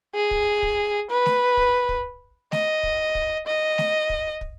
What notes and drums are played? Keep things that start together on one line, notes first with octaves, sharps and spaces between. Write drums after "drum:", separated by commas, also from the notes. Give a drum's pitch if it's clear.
G#4
drum: kick
drum: kick
B4
drum: snare A3
drum: kick
drum: kick
D#5, drum: snare A3
drum: kick
drum: kick
D#5
drum: snare A3
drum: kick
drum: kick